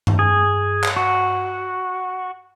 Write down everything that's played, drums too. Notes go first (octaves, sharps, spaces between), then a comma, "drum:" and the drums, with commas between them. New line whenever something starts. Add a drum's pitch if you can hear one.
drum: tom G2
G#4
drum: clap
F#4